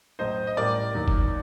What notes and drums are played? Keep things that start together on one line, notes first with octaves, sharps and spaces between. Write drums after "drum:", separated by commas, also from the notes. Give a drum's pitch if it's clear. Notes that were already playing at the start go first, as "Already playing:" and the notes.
A1 A2 F#3 C5 D#5
D#5
A1 A2 G3 A#4 D5
D#2 D#3 F#3
drum: kick